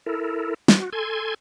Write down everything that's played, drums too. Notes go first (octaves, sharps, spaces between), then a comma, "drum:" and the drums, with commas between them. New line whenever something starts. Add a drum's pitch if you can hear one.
E4 A4 A#4
F#4, drum: snare
A4 G#5 C6 G#6